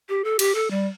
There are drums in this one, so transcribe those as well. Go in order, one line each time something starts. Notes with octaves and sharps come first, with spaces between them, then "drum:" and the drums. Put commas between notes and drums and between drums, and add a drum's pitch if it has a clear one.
G4
A4
G4, drum: cymbal
A4
G3